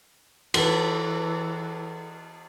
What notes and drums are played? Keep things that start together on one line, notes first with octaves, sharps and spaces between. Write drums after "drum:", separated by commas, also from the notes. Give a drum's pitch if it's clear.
E3 A4 B4, drum: cymbal